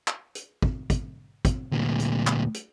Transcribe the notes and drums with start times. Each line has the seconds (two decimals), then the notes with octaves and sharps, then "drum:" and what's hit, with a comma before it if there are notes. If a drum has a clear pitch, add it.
0.08 drum: clap
0.35 drum: hi-hat
0.62 drum: kick
0.90 drum: kick, hi-hat
1.45 drum: kick, hi-hat
1.72 D2 A#2
2.00 drum: hi-hat
2.27 drum: clap
2.54 drum: hi-hat